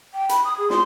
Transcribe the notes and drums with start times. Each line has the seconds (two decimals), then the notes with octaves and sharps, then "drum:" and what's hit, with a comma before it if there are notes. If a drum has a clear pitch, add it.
0.14 G5
0.29 B5, drum: hi-hat
0.45 D#6
0.58 G#4
0.70 C6, drum: snare